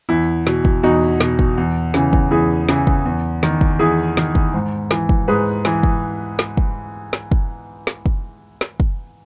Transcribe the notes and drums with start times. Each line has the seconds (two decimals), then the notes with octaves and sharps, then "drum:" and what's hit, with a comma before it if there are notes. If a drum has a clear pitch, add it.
0.09 E2 E4
0.47 B2, drum: snare
0.65 drum: kick
0.83 E2 D#4 F#4
1.20 B2, drum: snare
1.39 drum: kick
1.58 E2
1.94 C#3 E3, drum: snare
2.13 drum: kick
2.31 E2 E4 G#4
2.69 C#3 E3, drum: snare
2.87 drum: kick
3.05 E2
3.43 D#3, drum: snare
3.61 drum: kick
3.79 E2 E4 G#4
4.17 D#3, drum: snare
4.35 drum: kick
4.54 G#2
4.91 E3, drum: snare
5.09 drum: kick
5.28 G#2 G#4 B4
5.65 E3, drum: snare
5.83 drum: kick
6.39 drum: snare
6.57 drum: kick
7.13 drum: snare
7.31 drum: kick
7.87 drum: snare
8.06 drum: kick
8.61 drum: snare
8.80 drum: kick